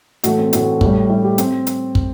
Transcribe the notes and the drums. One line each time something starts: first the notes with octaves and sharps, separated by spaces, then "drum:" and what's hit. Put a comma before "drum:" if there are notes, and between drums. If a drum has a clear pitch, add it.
A2 E3 A3 F#4, drum: hi-hat
C4
A2 E3 A3 F#4, drum: hi-hat
A2 G3, drum: kick
A2 G3 E4
G4
C4, drum: hi-hat
drum: hi-hat
drum: kick